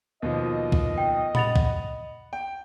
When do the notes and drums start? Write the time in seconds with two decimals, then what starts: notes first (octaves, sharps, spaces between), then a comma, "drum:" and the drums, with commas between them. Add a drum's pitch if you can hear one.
0.22 D#2 B2 F3 D#5
0.72 drum: kick
0.98 G5
1.35 F#5 B5 A6 F7, drum: tom A#2
1.56 drum: kick
2.33 G5